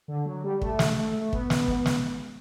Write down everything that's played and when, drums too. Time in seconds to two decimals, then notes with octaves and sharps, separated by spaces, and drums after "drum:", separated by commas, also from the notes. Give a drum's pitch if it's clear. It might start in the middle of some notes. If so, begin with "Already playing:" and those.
0.08 D3
0.25 F#3
0.44 G3
0.62 A3, drum: kick
0.79 drum: snare
0.97 A3
1.21 A3
1.33 B3, drum: kick
1.50 drum: snare
1.68 drum: kick
1.86 drum: snare